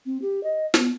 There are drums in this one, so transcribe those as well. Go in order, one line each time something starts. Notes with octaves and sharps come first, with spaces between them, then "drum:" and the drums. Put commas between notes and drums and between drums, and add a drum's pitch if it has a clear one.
C4
G4
D#5
B3, drum: snare